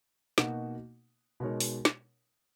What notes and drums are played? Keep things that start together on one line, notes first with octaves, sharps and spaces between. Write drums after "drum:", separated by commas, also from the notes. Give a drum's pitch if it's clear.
B2 A#3 D#4 F#4, drum: snare
B2 G#3 D#4 A#4 C#5
drum: open hi-hat
drum: snare